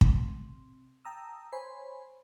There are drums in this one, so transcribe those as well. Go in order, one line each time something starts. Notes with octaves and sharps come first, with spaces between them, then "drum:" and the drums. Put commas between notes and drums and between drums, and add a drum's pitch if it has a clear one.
C3, drum: kick
G5 A5 A#5 D#6 E6
C5 C#5 G#5 B5 C6